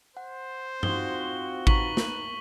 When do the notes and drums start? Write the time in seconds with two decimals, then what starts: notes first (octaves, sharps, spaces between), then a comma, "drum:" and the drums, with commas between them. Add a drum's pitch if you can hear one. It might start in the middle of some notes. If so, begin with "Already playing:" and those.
0.17 C5 F#5
0.83 C4 D#4 F4 F#4 C6 D#6 G7, drum: tom G2
1.67 D#4 B4 A#5 C#6 B6 F#7, drum: kick G#1
1.97 drum: snare